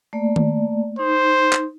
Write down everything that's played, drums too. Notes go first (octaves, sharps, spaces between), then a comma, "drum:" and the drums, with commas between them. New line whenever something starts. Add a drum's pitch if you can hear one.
A3 A#3 D5
drum: tom D#3
D#4 C5
drum: clap